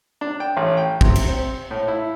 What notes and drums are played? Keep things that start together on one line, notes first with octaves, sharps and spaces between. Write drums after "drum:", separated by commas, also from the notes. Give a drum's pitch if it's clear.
D4
G5
A1
G5
C3, drum: kick
drum: cymbal
C4
A2
E4